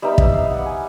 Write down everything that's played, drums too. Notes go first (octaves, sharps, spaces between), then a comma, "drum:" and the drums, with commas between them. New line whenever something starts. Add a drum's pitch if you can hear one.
G3 B3 D#4 E5
E5, drum: kick
F5
F#5
G#5